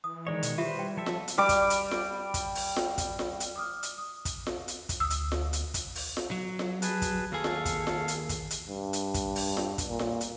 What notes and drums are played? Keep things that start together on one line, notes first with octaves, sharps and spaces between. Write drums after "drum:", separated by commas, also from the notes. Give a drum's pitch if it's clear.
E3 D#6
D#3 G#3 C#5 D5
B2, drum: hi-hat
G3 F4 G4 B4 C5 E5
G5
F3 A4 E5
drum: snare F4
drum: hi-hat
G3 D6
drum: kick, hi-hat
drum: hi-hat
drum: snare F4
drum: kick, hi-hat
drum: open hi-hat
drum: snare F4
drum: kick, hi-hat
drum: snare F4
drum: hi-hat
D6 D#6 F6
drum: hi-hat
D#6
drum: kick, hi-hat
drum: snare F4
drum: hi-hat
drum: kick, hi-hat
D2 D#6 E6
drum: hi-hat
drum: snare F4
drum: hi-hat
drum: kick, hi-hat
drum: open hi-hat
drum: snare F4
F#3
drum: snare F4
G#4 B4 A5, drum: hi-hat
drum: kick, hi-hat
D#2 G#4 A4 F5
drum: snare F4
drum: kick, hi-hat
drum: snare F4
drum: hi-hat
drum: kick, hi-hat
drum: hi-hat
G2
drum: hi-hat
drum: kick, hi-hat
drum: open hi-hat
drum: snare F4
drum: kick, hi-hat
A#2
drum: snare F4
drum: hi-hat